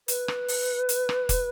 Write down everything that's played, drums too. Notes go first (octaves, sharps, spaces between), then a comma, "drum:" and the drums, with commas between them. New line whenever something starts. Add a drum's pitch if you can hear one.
B4, drum: hi-hat
drum: rim click
drum: open hi-hat
drum: hi-hat
drum: rim click
drum: kick, hi-hat